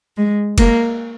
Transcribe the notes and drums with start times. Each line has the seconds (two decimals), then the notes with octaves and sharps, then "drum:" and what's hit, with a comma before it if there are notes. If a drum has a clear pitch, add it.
0.17 G#3
0.58 A#3, drum: kick F#1, cymbal